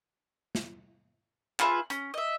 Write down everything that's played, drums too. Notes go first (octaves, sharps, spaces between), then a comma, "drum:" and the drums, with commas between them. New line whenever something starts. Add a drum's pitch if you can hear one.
drum: snare
F4 G#4 B4 E5, drum: clap
C#4, drum: hi-hat
D#5 E5